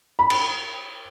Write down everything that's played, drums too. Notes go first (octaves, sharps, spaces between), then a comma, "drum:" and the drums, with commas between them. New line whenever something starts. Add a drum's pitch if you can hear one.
B5
drum: cymbal